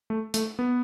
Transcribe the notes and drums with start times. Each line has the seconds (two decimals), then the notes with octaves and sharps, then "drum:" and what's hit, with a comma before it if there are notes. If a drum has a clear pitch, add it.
0.10 A3
0.34 A3, drum: hi-hat
0.59 B3